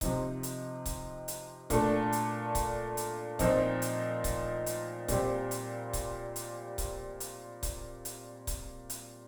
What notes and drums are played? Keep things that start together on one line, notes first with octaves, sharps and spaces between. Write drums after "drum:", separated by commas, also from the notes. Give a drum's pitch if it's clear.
C3 F3 C4 D#4, drum: kick C#1, hi-hat
drum: hi-hat
drum: kick C#1, hi-hat
drum: hi-hat
A#2 A3 D4 A4, drum: kick C#1, hi-hat
drum: hi-hat
drum: kick C#1, hi-hat
drum: hi-hat
A#2 F3 C4 D#4, drum: kick C#1, hi-hat
drum: hi-hat
drum: kick C#1, hi-hat
drum: hi-hat
A#2 G3 C4 G4, drum: kick C#1, hi-hat
drum: hi-hat
drum: kick C#1, hi-hat
drum: hi-hat
drum: kick C#1, hi-hat
drum: hi-hat
drum: kick C#1, hi-hat
drum: hi-hat
drum: kick C#1, hi-hat
drum: hi-hat